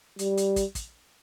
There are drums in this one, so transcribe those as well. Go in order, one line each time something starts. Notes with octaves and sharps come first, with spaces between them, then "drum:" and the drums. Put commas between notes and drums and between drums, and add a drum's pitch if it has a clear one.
G3, drum: hi-hat
drum: hi-hat
drum: kick, hi-hat
drum: kick, hi-hat